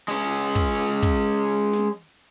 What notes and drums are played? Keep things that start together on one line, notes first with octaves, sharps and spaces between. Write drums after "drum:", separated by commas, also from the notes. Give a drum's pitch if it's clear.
G#3 C#4
drum: kick
drum: kick
drum: snare